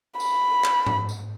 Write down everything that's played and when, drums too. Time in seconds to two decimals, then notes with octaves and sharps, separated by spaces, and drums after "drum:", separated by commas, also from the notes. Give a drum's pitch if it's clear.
0.20 B5, drum: tambourine
0.64 drum: clap
0.86 drum: tom G#2
1.09 drum: tambourine